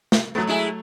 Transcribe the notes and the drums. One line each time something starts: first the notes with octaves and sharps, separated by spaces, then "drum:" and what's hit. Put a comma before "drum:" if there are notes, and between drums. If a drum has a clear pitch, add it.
drum: snare
F#3 A3 B3
G#3 E4 G#4